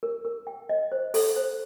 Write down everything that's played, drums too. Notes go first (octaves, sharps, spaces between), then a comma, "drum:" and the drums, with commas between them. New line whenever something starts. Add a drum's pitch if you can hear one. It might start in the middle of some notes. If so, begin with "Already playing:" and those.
A#4
A#4
G5
D#5
C5
A4, drum: open hi-hat
C5